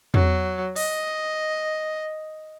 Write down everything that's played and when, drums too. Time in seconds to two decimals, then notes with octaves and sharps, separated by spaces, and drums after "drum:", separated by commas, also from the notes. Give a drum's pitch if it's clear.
0.14 F#3, drum: tom E2
0.76 D#5, drum: open hi-hat